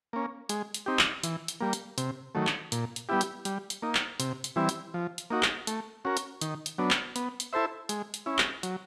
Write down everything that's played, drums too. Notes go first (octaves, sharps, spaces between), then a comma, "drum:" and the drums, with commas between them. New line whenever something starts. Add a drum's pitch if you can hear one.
A#3 C#4
G#3, drum: hi-hat
drum: hi-hat
C4 D#4 G4
drum: clap
E3, drum: hi-hat
drum: hi-hat
G3 A#3
drum: hi-hat
C3, drum: hi-hat
D#3 F#3 A3
drum: clap
A#2, drum: hi-hat
drum: hi-hat
G3 B3 E4 G4
drum: hi-hat
G3, drum: hi-hat
drum: hi-hat
A#3 D#4
drum: clap
C3, drum: hi-hat
drum: hi-hat
E3 G3 C4 E4
drum: hi-hat
F3
drum: hi-hat
A#3 D#4 F#4
drum: clap
A3, drum: hi-hat
C#4 F#4 A#4
drum: hi-hat
D#3, drum: hi-hat
drum: hi-hat
F#3 B3 D4
drum: clap
B3, drum: hi-hat
drum: hi-hat
E4 A4 C5 E5
G#3, drum: hi-hat
drum: hi-hat
C#4 E4
drum: clap
F#3, drum: hi-hat